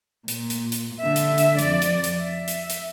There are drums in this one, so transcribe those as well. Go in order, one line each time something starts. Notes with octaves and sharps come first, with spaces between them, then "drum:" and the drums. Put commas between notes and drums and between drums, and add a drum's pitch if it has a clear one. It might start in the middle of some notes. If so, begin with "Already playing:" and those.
A#2, drum: hi-hat
drum: hi-hat
drum: hi-hat
D3 E5
drum: hi-hat
drum: hi-hat
F2 D5, drum: hi-hat
drum: hi-hat
drum: hi-hat
E5
drum: hi-hat
drum: hi-hat